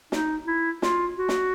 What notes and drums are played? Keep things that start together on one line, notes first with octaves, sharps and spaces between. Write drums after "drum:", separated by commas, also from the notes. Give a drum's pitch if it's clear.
D#4, drum: snare
E4
F4, drum: snare
F#4
drum: snare